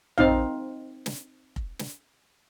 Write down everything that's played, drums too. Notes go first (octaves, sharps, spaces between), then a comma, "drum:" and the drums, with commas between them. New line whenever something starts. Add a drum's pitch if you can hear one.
C4 D#4 F5, drum: tom A#1
drum: snare
drum: kick F1
drum: snare